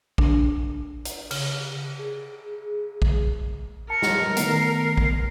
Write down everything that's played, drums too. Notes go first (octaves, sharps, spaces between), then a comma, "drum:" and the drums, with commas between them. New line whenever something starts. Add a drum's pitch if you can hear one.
D4, drum: kick A#1
drum: hi-hat
C#3, drum: cymbal
G#4
drum: kick A#1
A#4 A5 C#7
drum: snare
D#3 A3 B3 C7, drum: hi-hat
drum: kick A#1